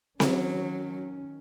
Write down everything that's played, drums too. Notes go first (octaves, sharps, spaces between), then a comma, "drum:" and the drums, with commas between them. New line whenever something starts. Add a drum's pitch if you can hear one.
D#3 F#3 C#4, drum: snare C4